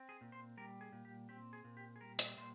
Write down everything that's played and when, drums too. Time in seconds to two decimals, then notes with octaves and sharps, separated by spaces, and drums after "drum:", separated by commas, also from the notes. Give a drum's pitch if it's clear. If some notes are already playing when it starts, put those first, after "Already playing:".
Already playing: C4
0.09 G#4
0.21 A#2
0.32 C5
0.57 G3 A#4
0.81 G#4
0.92 A#2
1.05 G4
1.29 C4 G4
1.53 G#4
1.64 A#2
1.77 G4
1.96 G#4
2.01 G3 A#4
2.19 drum: hi-hat
2.37 A#2 C5